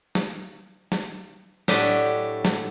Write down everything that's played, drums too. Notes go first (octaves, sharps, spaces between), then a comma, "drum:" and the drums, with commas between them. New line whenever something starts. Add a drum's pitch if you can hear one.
drum: snare
drum: snare
A2 F#3 D4 G4 D5 D#5, drum: snare
drum: snare